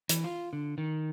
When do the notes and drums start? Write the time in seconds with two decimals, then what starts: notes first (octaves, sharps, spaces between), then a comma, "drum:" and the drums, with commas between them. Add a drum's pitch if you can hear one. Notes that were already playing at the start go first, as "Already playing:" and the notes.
0.09 E3, drum: hi-hat
0.24 F4
0.53 D3
0.78 D#3